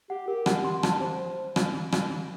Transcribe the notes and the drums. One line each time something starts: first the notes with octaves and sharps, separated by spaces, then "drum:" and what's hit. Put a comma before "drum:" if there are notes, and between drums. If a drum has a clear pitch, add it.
G4 F#5
G4 A#4
F#5, drum: rim click
C6
A5, drum: rim click
C5
drum: rim click
drum: rim click